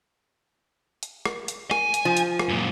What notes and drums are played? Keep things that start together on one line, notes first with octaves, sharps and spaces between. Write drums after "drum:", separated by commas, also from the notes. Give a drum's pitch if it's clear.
drum: hi-hat
drum: rim click
drum: hi-hat
G#5, drum: rim click
drum: hi-hat
F3
drum: hi-hat
drum: rim click
F#2 A#2